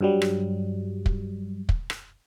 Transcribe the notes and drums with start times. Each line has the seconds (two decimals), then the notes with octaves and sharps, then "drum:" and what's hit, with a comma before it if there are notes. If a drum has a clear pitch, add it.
0.01 G2 F#3 G3
0.22 drum: rim click
1.06 drum: kick
1.69 drum: kick
1.90 drum: rim click